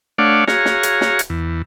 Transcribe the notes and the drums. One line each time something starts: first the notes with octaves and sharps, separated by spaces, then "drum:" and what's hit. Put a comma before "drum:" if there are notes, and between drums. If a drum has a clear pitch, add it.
A3 D4 C#5 D5 F5 F#5
F#4 G#4 C#5 F5 A#5, drum: snare
drum: snare
drum: hi-hat
drum: snare
drum: hi-hat
E2